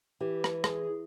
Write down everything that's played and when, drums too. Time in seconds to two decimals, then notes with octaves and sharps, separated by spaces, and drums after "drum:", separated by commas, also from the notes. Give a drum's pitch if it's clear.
0.20 E3 G4
0.44 drum: rim click
0.64 G#4, drum: rim click